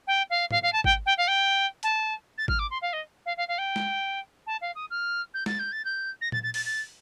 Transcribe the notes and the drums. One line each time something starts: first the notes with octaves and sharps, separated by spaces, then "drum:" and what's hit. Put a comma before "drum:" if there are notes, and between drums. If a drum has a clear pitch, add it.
G5
F5
F5, drum: tom G#2
F5
A5
G5, drum: kick G#1
G5
F5
G5
A5, drum: hi-hat
A6
F6, drum: kick G#1
D6
C6
F5
D#5
F5
F5
F5
G5
drum: snare G#3
A5
F5
D#6
F6
G6
A6, drum: snare G#3
G6
A6
G6
A#6
A6, drum: tom A#2
A6
A6, drum: open hi-hat
A6